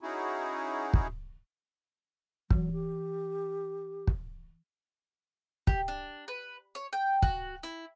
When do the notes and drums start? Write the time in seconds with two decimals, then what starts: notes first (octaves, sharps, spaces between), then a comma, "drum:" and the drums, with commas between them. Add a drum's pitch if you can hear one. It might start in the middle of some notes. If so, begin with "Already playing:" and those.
0.01 C#4 D#4 E4 F#4 G#4
0.94 drum: kick
2.50 E3 F#3, drum: kick
2.72 G4
4.07 drum: kick
5.67 G4, drum: kick
5.88 D4
6.28 B4
6.75 C#5
6.93 G5
7.22 F#4, drum: kick
7.63 E4